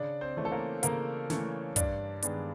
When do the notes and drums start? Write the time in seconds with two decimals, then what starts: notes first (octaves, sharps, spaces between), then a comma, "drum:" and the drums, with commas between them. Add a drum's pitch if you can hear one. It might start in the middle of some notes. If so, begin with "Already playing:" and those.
Already playing: C#3 D4 D5
0.21 C4 C5
0.37 E3 A3 C#4
0.45 A4
0.52 A#3 A#4
0.83 C#3 A#3 A#4, drum: hi-hat
1.30 E3 A3 C#4 C#5, drum: snare
1.76 G2 D4 D5, drum: kick, hi-hat
2.22 D#3 G#3 B3 D4, drum: hi-hat